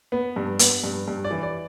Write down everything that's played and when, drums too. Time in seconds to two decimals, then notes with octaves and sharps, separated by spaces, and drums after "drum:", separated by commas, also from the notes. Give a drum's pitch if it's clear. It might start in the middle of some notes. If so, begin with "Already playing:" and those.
0.12 B3
0.36 G2
0.59 B3, drum: hi-hat
0.84 G2
1.08 G2
1.24 D5
1.31 E3
1.43 D5